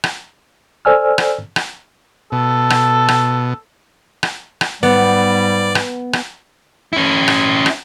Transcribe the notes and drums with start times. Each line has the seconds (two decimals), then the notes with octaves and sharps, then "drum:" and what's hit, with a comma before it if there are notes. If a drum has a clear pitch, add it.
0.04 drum: rim click
0.85 A4 C5 D5 G#5 E6 F6
1.18 drum: rim click
1.56 drum: rim click
2.32 B2 A4
2.70 drum: rim click
3.08 drum: rim click
4.23 drum: rim click
4.61 drum: rim click
4.83 G#2 G3 B3 D5
5.75 drum: rim click
6.13 drum: rim click
6.93 C#4 E4
7.28 drum: rim click
7.66 drum: rim click